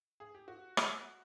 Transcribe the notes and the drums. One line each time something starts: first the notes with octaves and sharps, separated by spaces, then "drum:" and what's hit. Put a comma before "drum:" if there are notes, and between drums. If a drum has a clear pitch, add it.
G#4
G4
F#4
drum: rim click